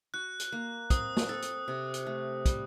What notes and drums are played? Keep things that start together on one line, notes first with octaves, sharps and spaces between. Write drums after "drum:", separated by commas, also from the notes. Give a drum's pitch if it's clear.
F#4 F#6
drum: hi-hat
A#3
C4 D#6, drum: kick, hi-hat
drum: snare
A4
drum: hi-hat
C3
drum: hi-hat
A3
G3, drum: kick, hi-hat